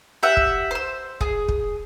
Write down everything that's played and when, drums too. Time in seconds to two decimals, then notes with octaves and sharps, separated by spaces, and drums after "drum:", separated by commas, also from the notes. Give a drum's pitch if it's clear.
0.23 G4 E5 F#5
0.37 drum: kick
0.71 C5 E6
1.21 G#4, drum: kick
1.49 drum: kick